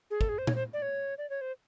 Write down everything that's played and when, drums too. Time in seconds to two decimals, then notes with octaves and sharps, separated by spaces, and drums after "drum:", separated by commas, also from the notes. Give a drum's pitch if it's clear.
0.11 G#4
0.21 A4, drum: kick
0.29 G#4
0.38 C5
0.47 C#5, drum: tom A#2
0.55 C5
0.73 D5
0.82 C#5
1.18 D5
1.30 C#5
1.41 C5